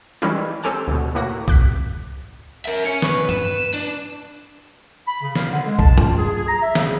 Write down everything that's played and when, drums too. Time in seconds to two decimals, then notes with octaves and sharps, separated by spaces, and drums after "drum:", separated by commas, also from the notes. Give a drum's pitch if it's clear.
0.22 D#3 E3 G3 G#3 C#4 E4
0.63 C4 G4 A4 C#5 G#5 F6
0.87 D2 B2
1.15 A2 A#3 F#4 A#6
1.48 D6 F#6 B6, drum: kick
2.65 A#4 E5
2.85 C#4 C#7
3.02 B4 C#6, drum: snare
3.29 E7, drum: tom G2
3.73 D4
5.07 B5
5.22 C#3
5.35 F5, drum: snare
5.51 D3
5.66 G#3
5.79 A5, drum: kick
5.98 F4, drum: tom G2
6.17 G#4
6.35 G#4
6.47 A#5
6.62 E5
6.75 C#3, drum: snare